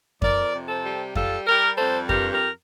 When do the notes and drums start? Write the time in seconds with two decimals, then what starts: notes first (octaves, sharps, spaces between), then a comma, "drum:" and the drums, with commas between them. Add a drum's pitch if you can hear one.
0.22 F2 A#4 D5, drum: kick F2
0.53 C3
0.69 A4 C5
0.84 G3
1.16 G3 F4 A4, drum: kick F2
1.47 G3 G4 A#4
1.78 F2 A4 C5
2.09 G2 G4 A#4, drum: kick F2
2.33 G4 A#4